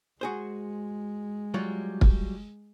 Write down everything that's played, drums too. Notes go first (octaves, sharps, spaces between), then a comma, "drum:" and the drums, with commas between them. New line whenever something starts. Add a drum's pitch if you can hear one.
G#3 F#4 G#4 C5
F#3 G3 F4
drum: kick